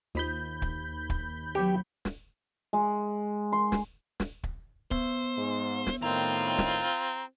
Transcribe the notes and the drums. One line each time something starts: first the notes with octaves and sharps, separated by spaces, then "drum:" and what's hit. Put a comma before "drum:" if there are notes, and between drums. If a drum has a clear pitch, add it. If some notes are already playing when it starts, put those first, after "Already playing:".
D#2 F4 C5 D#5 B5 G6
drum: kick
drum: kick
F#3 B3 G4 C#5
drum: snare
G#3
C6
drum: snare
drum: snare
drum: kick
B3 C5 E6, drum: kick
G#2
drum: snare
A2 D#3 C4 F4 A#5
drum: snare